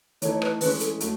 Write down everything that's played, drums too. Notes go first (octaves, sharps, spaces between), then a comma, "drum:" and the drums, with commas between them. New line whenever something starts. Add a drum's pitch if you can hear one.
E3 A3 D#4 A4 C#5, drum: hi-hat
C#5
B4, drum: rim click
E3 G#3 C#4 G#4 B4, drum: open hi-hat
A4, drum: hi-hat
F#3 A3, drum: hi-hat